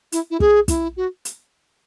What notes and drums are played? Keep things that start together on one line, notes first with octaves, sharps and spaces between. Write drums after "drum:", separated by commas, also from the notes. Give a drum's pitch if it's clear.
E4, drum: hi-hat
E4
G#4, drum: kick
E4, drum: kick, hi-hat
F#4
drum: hi-hat